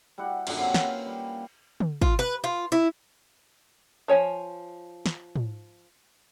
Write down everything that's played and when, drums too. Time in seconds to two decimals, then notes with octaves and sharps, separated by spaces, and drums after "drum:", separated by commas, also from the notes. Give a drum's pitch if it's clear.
0.18 G3 E4 F#4 F#5
0.47 F#2 A#2 D3 F#5, drum: cymbal
0.59 C3 C4 C#4 E5
0.74 A#3 B4 F5, drum: snare
1.06 G3
1.80 drum: tom
2.02 F4, drum: kick
2.19 B4
2.44 F4
2.72 E4
4.08 F3 C#5 G#5
5.06 drum: snare
5.36 drum: tom